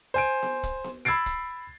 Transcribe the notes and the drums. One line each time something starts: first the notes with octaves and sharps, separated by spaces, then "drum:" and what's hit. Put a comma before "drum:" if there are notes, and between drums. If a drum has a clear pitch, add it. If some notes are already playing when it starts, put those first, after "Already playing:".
C5 G#5 D7
drum: snare B3
drum: kick, hi-hat
drum: snare B3
B5 E6 G#6 A6 C7 D7, drum: hi-hat
drum: kick, hi-hat